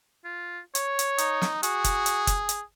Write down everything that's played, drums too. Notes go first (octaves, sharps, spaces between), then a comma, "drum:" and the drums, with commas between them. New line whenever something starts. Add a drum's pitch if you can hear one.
F4
C#5, drum: hi-hat
drum: hi-hat
D#4, drum: hi-hat
drum: snare
F#4 G#4, drum: hi-hat
drum: kick F#1, hi-hat
drum: hi-hat
drum: kick F#1, hi-hat
drum: hi-hat